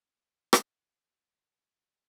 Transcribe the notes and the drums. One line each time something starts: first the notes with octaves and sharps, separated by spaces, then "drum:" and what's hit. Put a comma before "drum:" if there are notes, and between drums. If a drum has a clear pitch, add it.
D#6 F6 G7
drum: rim click